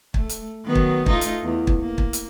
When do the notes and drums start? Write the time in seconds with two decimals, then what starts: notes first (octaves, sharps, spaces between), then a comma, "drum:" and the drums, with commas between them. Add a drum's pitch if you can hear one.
0.14 A3, drum: kick
0.29 drum: hi-hat
0.66 D#3 F#3 B3
0.75 drum: kick
1.06 A3 D#4 F4, drum: kick
1.21 drum: hi-hat
1.44 E2
1.67 drum: kick
1.80 A#3
1.98 drum: kick
2.13 drum: hi-hat